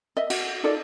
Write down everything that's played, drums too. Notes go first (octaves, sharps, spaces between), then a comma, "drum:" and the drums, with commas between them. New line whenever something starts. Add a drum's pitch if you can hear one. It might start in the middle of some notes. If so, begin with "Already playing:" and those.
D#5 E5
F#4, drum: cymbal
D#4 F4 A4 D5